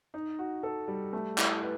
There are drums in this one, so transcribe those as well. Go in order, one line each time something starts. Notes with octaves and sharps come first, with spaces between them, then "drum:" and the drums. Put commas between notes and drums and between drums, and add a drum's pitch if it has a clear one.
D#4
F#4
A4
G3
A3
E4, drum: clap
B4